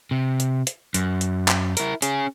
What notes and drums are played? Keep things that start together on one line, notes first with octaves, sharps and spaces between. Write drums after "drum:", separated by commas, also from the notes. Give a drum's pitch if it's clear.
C3
drum: hi-hat
drum: hi-hat
F#2, drum: hi-hat
drum: hi-hat
drum: clap
E4 A#4, drum: hi-hat
C#4 G#4, drum: hi-hat